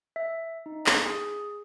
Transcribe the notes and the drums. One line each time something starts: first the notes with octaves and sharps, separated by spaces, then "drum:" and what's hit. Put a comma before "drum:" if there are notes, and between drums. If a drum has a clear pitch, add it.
E5
D#4
drum: clap
G#4